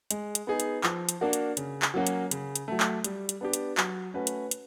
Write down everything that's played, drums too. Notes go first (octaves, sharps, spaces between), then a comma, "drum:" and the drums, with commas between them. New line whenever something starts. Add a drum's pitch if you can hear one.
G#3, drum: hi-hat
drum: hi-hat
B3 D#4 G#4
drum: hi-hat
F3, drum: clap
drum: hi-hat
A#3 D4 F#4 A#4
drum: hi-hat
C#3, drum: hi-hat
drum: clap
F#3 A#3 C#4 F#4
drum: hi-hat
C#3, drum: hi-hat
drum: hi-hat
F#3 A3
drum: clap
G3, drum: hi-hat
drum: hi-hat
B3 D4 G4
drum: hi-hat
F#3, drum: clap
A3 C#4 F#4 B4
drum: hi-hat
drum: hi-hat